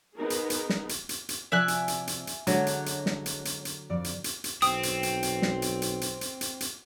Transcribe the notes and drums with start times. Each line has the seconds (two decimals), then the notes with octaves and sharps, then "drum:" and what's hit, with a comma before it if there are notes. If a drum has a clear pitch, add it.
0.15 B3 D#4 G#4 A#4
0.30 drum: hi-hat
0.50 drum: hi-hat
0.70 drum: snare
0.89 drum: hi-hat
1.09 drum: hi-hat
1.29 drum: hi-hat
1.52 C3 F3 D5 E5 G#5 F#6
1.68 drum: hi-hat
1.88 drum: hi-hat
2.07 drum: hi-hat
2.27 drum: hi-hat
2.47 D3 F#3 G#3 C#5 A5, drum: hi-hat
2.67 drum: hi-hat
2.86 drum: hi-hat
3.06 drum: snare
3.26 drum: hi-hat
3.45 drum: hi-hat
3.65 drum: hi-hat
3.90 F2 D5
4.04 drum: hi-hat
4.24 drum: hi-hat
4.44 drum: hi-hat
4.62 B1 C4 D#6, drum: hi-hat
4.83 drum: hi-hat
5.03 drum: hi-hat
5.23 drum: hi-hat
5.42 drum: snare
5.62 drum: hi-hat
5.82 drum: hi-hat
6.01 drum: hi-hat
6.21 drum: hi-hat
6.41 drum: hi-hat
6.60 drum: hi-hat